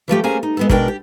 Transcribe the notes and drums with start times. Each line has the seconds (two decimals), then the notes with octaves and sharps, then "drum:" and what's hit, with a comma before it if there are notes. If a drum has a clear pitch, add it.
0.08 E3 F3 A3 G4
0.24 A#3 C#4 G#4 C5 G#5
0.43 D#4
0.57 G#3 B3 A4
0.69 B2 G#3 D4 A#4 D5 G5, drum: kick
0.88 G4